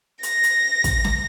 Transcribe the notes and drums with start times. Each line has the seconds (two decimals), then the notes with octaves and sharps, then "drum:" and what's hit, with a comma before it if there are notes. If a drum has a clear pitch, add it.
0.23 A#6, drum: hi-hat
0.43 drum: hi-hat
0.84 drum: kick, hi-hat
1.04 drum: snare